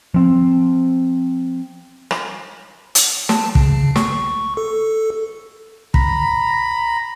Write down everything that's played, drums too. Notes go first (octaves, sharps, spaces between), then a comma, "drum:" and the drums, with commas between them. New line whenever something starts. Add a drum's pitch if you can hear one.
F3 C4
drum: rim click
drum: hi-hat
A5, drum: snare
C#3, drum: kick
C#6, drum: snare
A4
A#5 B5, drum: kick